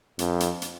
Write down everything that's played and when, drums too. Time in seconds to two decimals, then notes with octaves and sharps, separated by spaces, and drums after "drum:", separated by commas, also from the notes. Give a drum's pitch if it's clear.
0.19 F2, drum: hi-hat
0.40 drum: hi-hat
0.62 drum: hi-hat